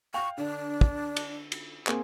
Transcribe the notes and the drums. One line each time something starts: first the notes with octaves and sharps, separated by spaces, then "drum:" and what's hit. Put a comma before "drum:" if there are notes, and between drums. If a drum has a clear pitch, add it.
F5 G5 C#6 F7
D3 D4
drum: kick
drum: cymbal
drum: cymbal
A#3 C4 G#4, drum: clap